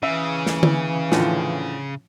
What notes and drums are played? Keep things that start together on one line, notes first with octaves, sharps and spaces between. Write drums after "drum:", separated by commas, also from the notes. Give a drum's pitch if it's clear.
C#3 E3 E5
drum: snare
drum: tom D3
A2 D3 F3, drum: snare